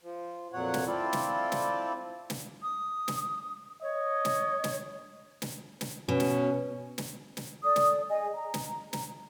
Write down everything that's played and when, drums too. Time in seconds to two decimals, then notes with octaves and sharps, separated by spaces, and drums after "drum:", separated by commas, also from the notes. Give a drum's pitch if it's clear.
0.03 F3
0.53 F2 A#2 F#3 C#5 F#5
0.74 drum: snare
0.87 C4 E4 F4 A4 D5
1.13 drum: snare
1.52 drum: snare
2.30 drum: snare
2.63 D#6
3.08 drum: snare
3.82 C#5 D#5
4.25 drum: snare
4.64 drum: snare
5.42 drum: snare
5.81 drum: snare
6.09 B2 C#4
6.20 drum: snare
6.98 drum: snare
7.37 drum: snare
7.63 A4 D5 D#6
7.76 drum: snare
8.09 G#4 D#5 G#5
8.34 A#5
8.54 drum: snare
8.93 drum: snare